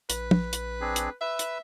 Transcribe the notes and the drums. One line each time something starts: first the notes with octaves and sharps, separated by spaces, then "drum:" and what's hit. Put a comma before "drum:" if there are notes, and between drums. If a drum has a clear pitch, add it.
A#1 B4, drum: hi-hat
drum: tom
drum: hi-hat
C4 D4 G#4
drum: hi-hat
B4 E5 E6
drum: hi-hat